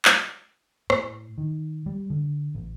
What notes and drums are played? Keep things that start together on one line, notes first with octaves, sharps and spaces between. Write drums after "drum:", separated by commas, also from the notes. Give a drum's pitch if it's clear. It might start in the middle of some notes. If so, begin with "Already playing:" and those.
drum: clap
A2, drum: rim click
D#3
G3
D3
A1